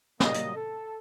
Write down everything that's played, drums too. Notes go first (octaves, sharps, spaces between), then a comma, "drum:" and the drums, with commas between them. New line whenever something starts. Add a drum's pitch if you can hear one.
D#3 F#3 G3 A#3 D#5, drum: snare
drum: hi-hat
A4